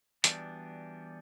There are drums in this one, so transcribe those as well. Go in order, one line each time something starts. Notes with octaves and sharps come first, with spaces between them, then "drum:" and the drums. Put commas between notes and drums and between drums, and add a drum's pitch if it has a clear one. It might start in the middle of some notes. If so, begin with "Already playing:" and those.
E3 G3 B3 D4 F#4, drum: hi-hat